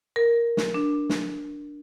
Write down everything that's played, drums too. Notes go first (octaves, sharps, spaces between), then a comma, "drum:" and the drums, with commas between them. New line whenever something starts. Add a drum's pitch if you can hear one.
A#4
drum: snare
D4
drum: snare